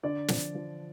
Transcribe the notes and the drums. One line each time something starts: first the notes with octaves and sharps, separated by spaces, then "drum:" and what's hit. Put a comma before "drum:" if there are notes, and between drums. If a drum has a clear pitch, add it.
D3 D5
F3, drum: snare
F3